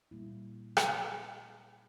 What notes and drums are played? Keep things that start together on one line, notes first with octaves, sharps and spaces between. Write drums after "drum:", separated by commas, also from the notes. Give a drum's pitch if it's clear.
A#2 G3 A#3 E4
drum: rim click